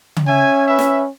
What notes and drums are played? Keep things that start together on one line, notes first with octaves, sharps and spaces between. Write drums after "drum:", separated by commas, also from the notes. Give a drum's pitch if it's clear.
drum: tom C#3
C#4 E5 G#5
B4 E5
drum: snare